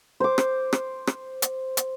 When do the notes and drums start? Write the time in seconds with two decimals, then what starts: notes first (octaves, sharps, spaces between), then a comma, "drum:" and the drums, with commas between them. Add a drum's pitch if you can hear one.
0.20 C5 D6
0.38 drum: rim click
0.73 drum: rim click
1.07 drum: rim click
1.42 drum: hi-hat
1.77 drum: hi-hat